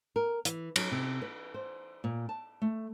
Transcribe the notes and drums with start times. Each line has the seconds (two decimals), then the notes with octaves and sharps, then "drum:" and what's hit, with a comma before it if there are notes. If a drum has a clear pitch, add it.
0.16 A#4
0.45 E3, drum: hi-hat
0.76 F#3, drum: cymbal
0.92 C3
1.22 B4
1.54 C5
2.04 A#2
2.29 A5
2.62 A3